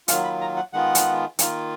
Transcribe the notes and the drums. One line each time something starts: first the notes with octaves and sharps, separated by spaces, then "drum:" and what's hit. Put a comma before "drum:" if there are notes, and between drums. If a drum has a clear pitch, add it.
D#3 F#3 A#3 F4 F5, drum: hi-hat
B5
A#5
F#5
D#3 G#3 B3 F4 F#5
drum: hi-hat
D#3 A#3 F4, drum: hi-hat